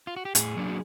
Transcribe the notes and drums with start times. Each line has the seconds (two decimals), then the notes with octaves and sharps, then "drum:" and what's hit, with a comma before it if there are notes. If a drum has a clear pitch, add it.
0.07 F4
0.16 F#4
0.25 G4
0.35 A2 G#4, drum: hi-hat
0.57 F#3 A#3 D4
0.69 F#4